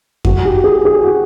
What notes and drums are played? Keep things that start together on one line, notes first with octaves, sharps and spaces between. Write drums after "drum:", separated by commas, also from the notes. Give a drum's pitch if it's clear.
F#4, drum: kick F2
G4
G#4
G#4
F#4